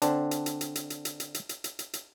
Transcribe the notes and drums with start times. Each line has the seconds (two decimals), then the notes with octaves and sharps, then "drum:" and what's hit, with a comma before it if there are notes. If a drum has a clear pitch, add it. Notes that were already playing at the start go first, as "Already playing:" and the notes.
0.02 D3 C4 D4, drum: hi-hat
0.31 drum: hi-hat
0.46 drum: hi-hat
0.61 drum: hi-hat
0.75 drum: hi-hat
0.90 drum: hi-hat
1.05 drum: hi-hat
1.20 drum: hi-hat
1.34 drum: hi-hat
1.49 drum: hi-hat
1.64 drum: hi-hat
1.79 drum: hi-hat
1.93 drum: hi-hat